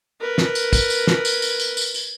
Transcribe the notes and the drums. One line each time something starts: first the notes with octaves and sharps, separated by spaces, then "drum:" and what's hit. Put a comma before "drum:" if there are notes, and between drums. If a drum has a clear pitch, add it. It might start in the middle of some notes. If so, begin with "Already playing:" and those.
A#4 B4
drum: snare
drum: tambourine
drum: kick, tambourine
drum: tambourine
drum: snare
drum: tambourine
drum: tambourine
drum: tambourine
drum: tambourine
drum: tambourine